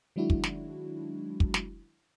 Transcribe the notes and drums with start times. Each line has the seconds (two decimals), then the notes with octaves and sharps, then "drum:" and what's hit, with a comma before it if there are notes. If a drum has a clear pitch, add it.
0.16 D#3 F#3 G#3 D4 E4 F#4
0.30 drum: kick
0.43 drum: snare
1.40 drum: kick
1.54 drum: snare